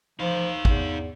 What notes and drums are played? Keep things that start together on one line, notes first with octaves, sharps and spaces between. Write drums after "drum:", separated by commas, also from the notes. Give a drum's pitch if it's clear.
F3 D#4 F5
E2, drum: kick G#1